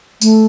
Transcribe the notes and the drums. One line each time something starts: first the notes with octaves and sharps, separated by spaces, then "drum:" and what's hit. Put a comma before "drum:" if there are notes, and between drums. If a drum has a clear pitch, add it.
A3, drum: tambourine